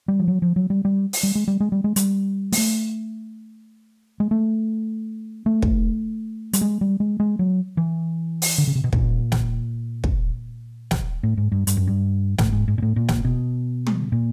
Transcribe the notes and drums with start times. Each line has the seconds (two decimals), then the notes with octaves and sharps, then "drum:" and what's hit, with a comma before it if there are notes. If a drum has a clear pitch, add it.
0.08 G3
0.19 F3
0.28 F#3
0.42 F3
0.56 F#3
0.70 G3
0.85 G3
1.13 drum: open hi-hat
1.23 G3
1.35 G#3
1.48 G3
1.60 G#3
1.72 G3
1.84 G#3
1.96 G3, drum: hi-hat
2.52 G#3, drum: open hi-hat
2.58 A3
4.20 G#3
4.31 A3
5.46 A3
5.62 drum: kick
6.53 G3, drum: hi-hat
6.61 G#3
6.81 G3
7.00 G#3
7.20 G#3
7.39 F#3
7.77 E3
8.42 drum: open hi-hat
8.58 D3
8.67 C#3
8.75 C3
8.84 B2
8.93 A#2, drum: kick
9.32 drum: snare
10.04 drum: kick
10.91 drum: snare
11.23 A2
11.37 G#2
11.52 G2
11.67 G2, drum: hi-hat
11.77 F#2
11.87 G2
12.38 A2, drum: snare
12.52 G#2
12.68 G#2
12.78 A#2
12.82 A2
12.96 A#2
13.09 drum: snare
13.25 B2
13.87 drum: tom
14.12 A#2